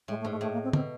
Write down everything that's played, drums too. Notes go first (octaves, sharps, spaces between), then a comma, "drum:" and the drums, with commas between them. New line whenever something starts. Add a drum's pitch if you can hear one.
A2 G#3
A3
G#2
A3
A2 A3
A#3
C4
B2 C4, drum: tom